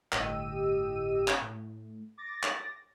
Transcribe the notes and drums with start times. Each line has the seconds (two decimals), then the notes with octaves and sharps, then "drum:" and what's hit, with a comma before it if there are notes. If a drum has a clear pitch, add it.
0.12 G1 A2 G4 D#5 E6 D#7, drum: clap
1.28 drum: clap
1.41 A2
2.18 D6 A6 A#6
2.43 drum: clap